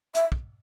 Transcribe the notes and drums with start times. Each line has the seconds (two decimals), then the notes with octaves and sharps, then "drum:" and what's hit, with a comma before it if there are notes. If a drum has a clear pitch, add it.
0.15 E5, drum: hi-hat
0.32 drum: kick